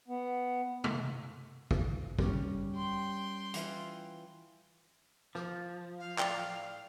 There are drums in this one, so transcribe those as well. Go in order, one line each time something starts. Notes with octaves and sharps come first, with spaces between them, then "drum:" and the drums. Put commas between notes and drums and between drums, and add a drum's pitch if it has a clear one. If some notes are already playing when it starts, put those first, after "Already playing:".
B3
drum: tom C3
drum: kick
G3 C#4, drum: kick
G5 C6
E3 F4, drum: hi-hat
F3, drum: rim click
F5
A2 D5 G5, drum: clap